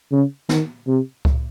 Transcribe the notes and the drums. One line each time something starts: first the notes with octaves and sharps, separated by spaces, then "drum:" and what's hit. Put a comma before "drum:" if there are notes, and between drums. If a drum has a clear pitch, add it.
C#3
D#3, drum: snare
C3
drum: kick C#2